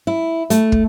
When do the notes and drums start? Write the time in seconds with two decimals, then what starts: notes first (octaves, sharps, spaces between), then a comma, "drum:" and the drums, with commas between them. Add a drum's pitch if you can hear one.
0.07 E4
0.50 A3, drum: hi-hat
0.72 drum: kick